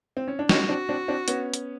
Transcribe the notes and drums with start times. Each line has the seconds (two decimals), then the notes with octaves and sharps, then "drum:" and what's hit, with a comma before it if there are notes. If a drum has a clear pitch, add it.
0.17 C4
0.28 C#4
0.39 D4
0.49 C#4 D#4 F#4, drum: snare
0.69 C4 D4
0.89 C4 D4
1.08 C4 D4
1.28 B3 C#4, drum: hi-hat
1.54 drum: hi-hat